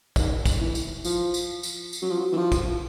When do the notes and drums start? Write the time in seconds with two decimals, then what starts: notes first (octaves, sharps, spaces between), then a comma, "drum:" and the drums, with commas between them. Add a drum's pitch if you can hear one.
0.16 D#3, drum: kick, tambourine
0.46 drum: kick, tambourine
0.60 E3
0.75 drum: tambourine
1.05 F3, drum: tambourine
1.34 drum: tambourine
1.63 drum: tambourine
1.93 drum: tambourine
2.02 F#3
2.11 F3
2.19 F#3
2.32 E3
2.37 F3
2.52 drum: kick, tambourine